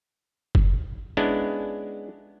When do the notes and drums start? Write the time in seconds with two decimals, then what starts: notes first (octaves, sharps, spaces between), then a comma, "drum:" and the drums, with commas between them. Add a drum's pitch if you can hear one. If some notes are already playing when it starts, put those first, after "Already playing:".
0.55 drum: kick F#1
1.17 G#3 B3 C#4 D4 E4